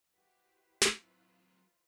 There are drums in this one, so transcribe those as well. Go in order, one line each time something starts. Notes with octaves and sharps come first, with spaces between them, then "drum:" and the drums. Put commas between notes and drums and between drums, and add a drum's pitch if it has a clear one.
E4 F#4 G4 B4 C5
F#3 C4 F4, drum: snare